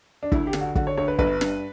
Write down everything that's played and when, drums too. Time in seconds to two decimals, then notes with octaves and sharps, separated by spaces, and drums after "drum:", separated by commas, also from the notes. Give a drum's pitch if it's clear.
0.23 D4
0.32 D2 E4, drum: kick
0.47 G4
0.53 D3, drum: snare
0.61 F#4
0.75 D3 F#4, drum: kick
0.87 C#5
0.97 D2 C#5
1.08 B4
1.19 G1 B4, drum: kick
1.41 G2, drum: snare